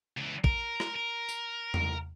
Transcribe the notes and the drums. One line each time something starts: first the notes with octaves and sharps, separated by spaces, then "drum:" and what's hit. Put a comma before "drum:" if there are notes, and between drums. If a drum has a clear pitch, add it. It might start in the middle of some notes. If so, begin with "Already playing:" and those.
C#2 E3
A#4, drum: kick
drum: rim click
A#4
drum: tambourine
drum: tom E2